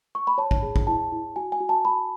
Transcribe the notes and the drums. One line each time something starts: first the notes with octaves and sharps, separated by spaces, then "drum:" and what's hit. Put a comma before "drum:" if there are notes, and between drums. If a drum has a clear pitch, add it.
C#6
B5
C#5 A5
drum: kick
G#4
drum: kick
E4 A5
E4
F#4 G#5
G#5
F#4
A5
F#4 B5